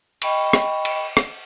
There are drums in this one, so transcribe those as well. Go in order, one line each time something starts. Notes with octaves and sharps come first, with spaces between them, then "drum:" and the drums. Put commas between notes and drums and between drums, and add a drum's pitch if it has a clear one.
D#5 G5 B5 C#6, drum: cymbal
drum: rim click
drum: cymbal
drum: rim click